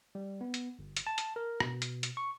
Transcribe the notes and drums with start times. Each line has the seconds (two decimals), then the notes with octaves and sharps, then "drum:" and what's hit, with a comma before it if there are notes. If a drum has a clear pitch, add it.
0.15 G3
0.41 B3
0.54 drum: hi-hat
0.79 G1
0.97 drum: hi-hat
1.07 A5
1.18 drum: hi-hat
1.36 A#4
1.60 B2, drum: rim click
1.82 drum: hi-hat
2.03 drum: hi-hat
2.17 C#6